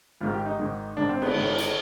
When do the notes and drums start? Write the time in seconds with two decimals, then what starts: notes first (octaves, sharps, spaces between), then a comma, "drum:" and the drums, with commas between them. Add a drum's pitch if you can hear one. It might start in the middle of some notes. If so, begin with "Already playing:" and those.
0.21 G#1 G#2 D#3 F4
0.34 G4
0.46 D#4
0.59 G#1 G#2 D#3
0.97 G#1 G#2 D#3 D4
1.09 C4
1.22 B3, drum: cymbal
1.35 G#1 G#2 D#3
1.58 drum: hi-hat